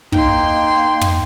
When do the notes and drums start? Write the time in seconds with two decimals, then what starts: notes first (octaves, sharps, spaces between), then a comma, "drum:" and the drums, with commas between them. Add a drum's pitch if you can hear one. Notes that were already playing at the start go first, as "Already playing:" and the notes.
0.12 A#3 D#4 G5 C6, drum: kick
1.01 drum: tom